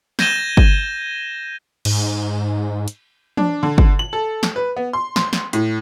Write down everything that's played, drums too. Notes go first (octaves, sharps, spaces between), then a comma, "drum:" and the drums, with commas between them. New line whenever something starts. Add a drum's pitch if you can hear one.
G6 G#6 A#6 D#7 E7 G7, drum: snare
drum: kick G1
G#2, drum: cymbal
drum: hi-hat
D4, drum: tom E3
D3
drum: kick G1
F#7
A4
drum: snare
B4
B3
C6
C6, drum: snare
drum: snare
A2, drum: hi-hat